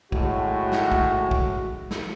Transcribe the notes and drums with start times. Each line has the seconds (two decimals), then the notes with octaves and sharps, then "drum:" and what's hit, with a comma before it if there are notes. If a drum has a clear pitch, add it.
0.12 A2 G#3 F#4, drum: kick
0.72 drum: snare
0.92 drum: kick
1.31 drum: kick
1.91 drum: snare